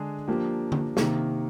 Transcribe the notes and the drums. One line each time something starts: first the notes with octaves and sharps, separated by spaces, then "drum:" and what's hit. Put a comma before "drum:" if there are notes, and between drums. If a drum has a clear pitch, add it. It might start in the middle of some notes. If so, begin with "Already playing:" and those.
Already playing: D3 G#3 D4 G#4
F3 A#3 D4 G4
drum: tom D3
C3 D#3 A#3, drum: snare